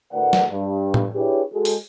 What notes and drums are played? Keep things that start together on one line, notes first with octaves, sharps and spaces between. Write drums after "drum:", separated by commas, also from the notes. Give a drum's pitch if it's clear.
D2 A2 A#4 B4 D5 F#5
drum: snare
G2
drum: tom A2
D4 E4 G4 G#4 B4 C#5
G#3 F#4 A4
drum: open hi-hat